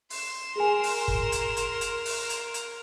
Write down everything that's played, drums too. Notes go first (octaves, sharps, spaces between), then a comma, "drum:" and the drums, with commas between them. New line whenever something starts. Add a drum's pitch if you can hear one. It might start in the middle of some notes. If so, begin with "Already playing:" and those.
C6 E7, drum: open hi-hat
G#4 A#4 G#5
drum: open hi-hat
drum: kick
drum: hi-hat
drum: hi-hat
drum: hi-hat
drum: open hi-hat
drum: hi-hat
drum: hi-hat